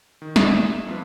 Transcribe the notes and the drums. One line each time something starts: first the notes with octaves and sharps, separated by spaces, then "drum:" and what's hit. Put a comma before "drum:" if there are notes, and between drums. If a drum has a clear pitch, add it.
D#3
G#1 D#4 G4 E5 D6 D#6, drum: snare
E7
F2 F4 B4